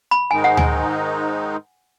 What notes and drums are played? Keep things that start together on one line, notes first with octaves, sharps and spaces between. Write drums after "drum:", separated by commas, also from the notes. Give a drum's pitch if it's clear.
B5
G#2 D#3 G#3 D#4 G#5
F#5
G#5, drum: tom D2